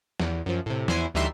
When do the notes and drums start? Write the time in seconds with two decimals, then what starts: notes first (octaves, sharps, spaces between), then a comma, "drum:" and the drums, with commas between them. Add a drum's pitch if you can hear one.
0.20 E2, drum: snare
0.46 F#2 F3
0.66 A2 C3
0.88 E2 E4 C5 G#5, drum: snare
1.14 D2 E3 G3 D#4 E5 C6